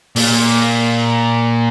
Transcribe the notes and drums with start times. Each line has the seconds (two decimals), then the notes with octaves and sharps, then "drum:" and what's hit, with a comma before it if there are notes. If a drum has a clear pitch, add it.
0.16 A#2, drum: open hi-hat